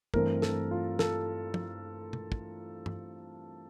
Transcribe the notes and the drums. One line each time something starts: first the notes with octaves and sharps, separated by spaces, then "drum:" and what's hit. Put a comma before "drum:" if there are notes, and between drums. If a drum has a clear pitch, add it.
G2 E3 A3 C4 A#4, drum: kick
A4, drum: snare
F4
A4, drum: snare
drum: tom
drum: tom B2
drum: kick
drum: tom